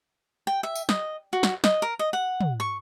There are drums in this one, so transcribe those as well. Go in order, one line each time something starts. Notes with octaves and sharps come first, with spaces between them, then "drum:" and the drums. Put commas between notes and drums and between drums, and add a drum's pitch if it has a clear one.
G5
E5
drum: tambourine
D#5, drum: snare
F#4
drum: snare
D#5, drum: snare
A#4
D#5
F#5
drum: tom
C#6